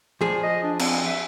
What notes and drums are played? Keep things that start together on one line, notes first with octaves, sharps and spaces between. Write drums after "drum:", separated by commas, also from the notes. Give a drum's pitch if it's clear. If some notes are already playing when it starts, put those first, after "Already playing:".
F3 G#4
D#5
D4
C4, drum: cymbal
E5